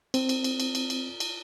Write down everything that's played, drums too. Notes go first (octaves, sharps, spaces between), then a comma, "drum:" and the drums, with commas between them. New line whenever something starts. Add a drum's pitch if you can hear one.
C4, drum: cymbal
drum: cymbal
drum: cymbal
drum: cymbal
drum: cymbal
drum: cymbal
drum: cymbal